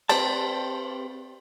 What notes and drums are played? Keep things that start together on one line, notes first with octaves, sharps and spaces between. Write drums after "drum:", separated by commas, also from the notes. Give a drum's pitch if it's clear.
C4 G4 B4 C5 D5 A5, drum: cymbal